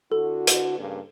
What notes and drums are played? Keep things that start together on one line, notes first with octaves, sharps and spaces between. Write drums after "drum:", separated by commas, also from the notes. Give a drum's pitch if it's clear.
D3 E4 F#4 A4
drum: hi-hat
G2 C#3 A#3